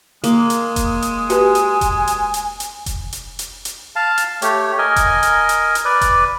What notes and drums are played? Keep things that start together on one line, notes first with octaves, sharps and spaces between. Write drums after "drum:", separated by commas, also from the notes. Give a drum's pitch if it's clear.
G#3 A#3, drum: hi-hat
drum: hi-hat
drum: kick F1, hi-hat
drum: hi-hat
F#4 G4 B4 G#5, drum: hi-hat
drum: hi-hat
drum: kick F1, hi-hat
drum: hi-hat
drum: hi-hat
drum: hi-hat
drum: kick F1, hi-hat
drum: hi-hat
drum: hi-hat
drum: hi-hat
F5 A5
drum: hi-hat
A3 G4 C#5, drum: hi-hat
A#4 D#5 G#5
drum: kick F1, hi-hat
drum: hi-hat
drum: hi-hat
drum: hi-hat
B4 D5
drum: kick F1, hi-hat